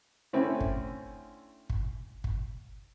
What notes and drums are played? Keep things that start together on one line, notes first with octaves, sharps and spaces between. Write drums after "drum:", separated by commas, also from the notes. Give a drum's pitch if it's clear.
D3 A3 C4 C#4 E4
drum: kick
drum: kick
drum: kick